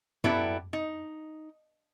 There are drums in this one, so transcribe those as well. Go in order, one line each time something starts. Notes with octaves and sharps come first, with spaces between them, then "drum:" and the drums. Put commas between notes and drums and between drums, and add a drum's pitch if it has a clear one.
F#3 B3 E4 G4 A4 D5, drum: tom F#2
D#4